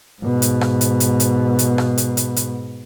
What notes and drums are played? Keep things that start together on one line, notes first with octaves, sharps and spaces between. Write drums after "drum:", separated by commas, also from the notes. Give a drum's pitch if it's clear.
G#2 B2
drum: hi-hat
drum: rim click
drum: hi-hat
drum: hi-hat
drum: hi-hat
drum: hi-hat
drum: rim click
drum: hi-hat
drum: hi-hat
drum: hi-hat